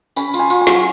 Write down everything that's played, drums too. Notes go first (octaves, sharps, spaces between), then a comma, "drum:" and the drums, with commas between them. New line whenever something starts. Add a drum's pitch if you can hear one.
C#4 B5, drum: tambourine
F4, drum: tambourine
G#5
F4, drum: tambourine
G#5
F#3, drum: snare